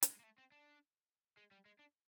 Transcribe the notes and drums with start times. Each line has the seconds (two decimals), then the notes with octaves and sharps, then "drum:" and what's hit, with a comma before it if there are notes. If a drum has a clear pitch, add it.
0.03 G3, drum: hi-hat
0.09 G#3
0.20 A#3
0.23 A3
0.38 C4
0.52 D4
1.37 G#3
1.51 G3
1.66 G#3
1.79 D4